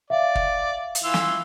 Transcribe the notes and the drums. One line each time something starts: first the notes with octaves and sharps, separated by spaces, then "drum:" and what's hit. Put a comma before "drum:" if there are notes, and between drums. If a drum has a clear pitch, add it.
D5 E5 F5
drum: kick
drum: hi-hat
E3 F4 E6
drum: snare